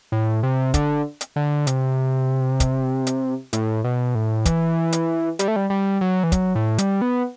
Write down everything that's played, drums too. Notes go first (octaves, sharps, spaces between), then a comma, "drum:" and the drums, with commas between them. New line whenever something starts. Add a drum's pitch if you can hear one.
A2
C3
D3, drum: kick, hi-hat
drum: hi-hat
D3
C3, drum: hi-hat
drum: kick, hi-hat
drum: hi-hat
A2, drum: hi-hat
B2
A2
E3, drum: kick, hi-hat
drum: hi-hat
G3, drum: hi-hat
A3
G3
G3
F#3
E3
F#3, drum: kick, hi-hat
A2
G3, drum: hi-hat
B3